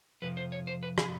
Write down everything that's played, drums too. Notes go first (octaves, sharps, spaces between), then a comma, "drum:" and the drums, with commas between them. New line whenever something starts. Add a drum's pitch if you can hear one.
F2 C3 F3 B4
C5
C#5
C5
B4
G#4, drum: rim click